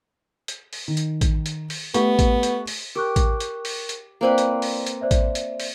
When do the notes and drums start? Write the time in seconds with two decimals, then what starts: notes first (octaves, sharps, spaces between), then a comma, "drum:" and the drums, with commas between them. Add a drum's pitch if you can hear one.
0.48 drum: hi-hat
0.73 drum: open hi-hat
0.88 D#3
0.97 drum: hi-hat
1.21 drum: kick A1, hi-hat
1.46 drum: hi-hat
1.70 drum: open hi-hat
1.94 A3 B3 G4 C#6, drum: hi-hat
2.19 drum: kick A1, hi-hat
2.43 drum: hi-hat
2.67 drum: open hi-hat
2.95 G4 A#4 C#6 F#6
3.16 drum: kick A1, hi-hat
3.40 drum: hi-hat
3.65 drum: open hi-hat
3.89 drum: hi-hat
4.21 A#3 C4 E4 B4 C5 D5
4.38 drum: hi-hat
4.62 drum: open hi-hat
4.87 drum: hi-hat
5.01 C5 D5 E5
5.11 drum: kick A1, hi-hat
5.35 drum: hi-hat
5.60 drum: open hi-hat